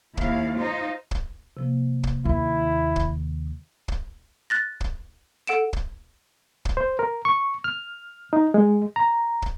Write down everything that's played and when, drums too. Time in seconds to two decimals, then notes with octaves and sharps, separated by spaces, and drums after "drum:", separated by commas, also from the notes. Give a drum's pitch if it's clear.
0.17 D#2 E4 F5, drum: kick
0.57 D#4 F4 C5
1.11 drum: kick
1.57 C3 F3 A#3
2.03 drum: kick
2.25 D#2 E4
2.96 drum: kick
3.88 drum: kick
4.50 F#6 A6 A#6
4.80 drum: kick
5.47 A4 F#5 D7 E7
5.73 drum: kick
6.65 drum: kick
6.77 C5
6.99 A#4
7.25 C#6
7.64 F6
8.33 D#4
8.54 G#3
8.96 A#5
9.42 drum: kick